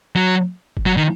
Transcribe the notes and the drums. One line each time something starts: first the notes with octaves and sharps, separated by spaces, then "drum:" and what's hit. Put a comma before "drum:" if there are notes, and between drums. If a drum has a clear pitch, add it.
F#3
drum: kick F#1
F#3
D#3